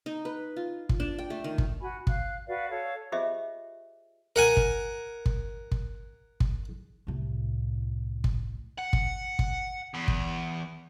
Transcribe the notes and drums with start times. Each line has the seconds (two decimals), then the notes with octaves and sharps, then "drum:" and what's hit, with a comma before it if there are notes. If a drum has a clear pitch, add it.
0.06 D#4
0.25 B4
0.56 F4
0.89 drum: kick
1.00 D4
1.19 G5
1.30 A3
1.44 D#3
1.58 drum: kick
1.81 F#4 G#5 B5
2.07 F5 F#6, drum: kick
2.48 F#4 B4 D5 F5
2.70 A4 C#5 F5
3.12 F4 G4 G#4 C5 D#5 E5
4.36 A#4 F#5 G#5
4.57 drum: kick
5.26 drum: kick
5.71 drum: kick
6.40 drum: kick
7.07 C2 A2
8.24 drum: kick
8.78 F#5
8.93 drum: kick
9.39 drum: kick
9.94 E2
10.08 drum: kick